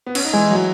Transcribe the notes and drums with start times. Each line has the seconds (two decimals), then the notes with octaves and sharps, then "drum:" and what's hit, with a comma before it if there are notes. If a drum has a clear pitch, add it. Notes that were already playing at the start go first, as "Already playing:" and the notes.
0.06 B3
0.15 C#4, drum: cymbal
0.25 D#4
0.33 E3 G#3 E4
0.50 F#3 F#4